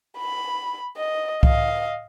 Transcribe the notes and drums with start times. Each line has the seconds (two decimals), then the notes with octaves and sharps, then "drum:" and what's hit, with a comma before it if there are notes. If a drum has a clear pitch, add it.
0.18 B5
0.97 D#5
1.43 D#5 F5, drum: kick C2